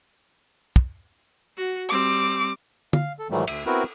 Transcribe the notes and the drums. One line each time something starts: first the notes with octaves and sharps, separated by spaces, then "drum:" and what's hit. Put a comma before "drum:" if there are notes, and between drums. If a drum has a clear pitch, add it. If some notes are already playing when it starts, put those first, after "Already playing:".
drum: kick
F#4
G3 C4 D6
F5, drum: tom
A4
G#2 D#3 E3 F#3 G3 A3
D2 E5, drum: cymbal
B3 C4 E4 F#4 A#4 B4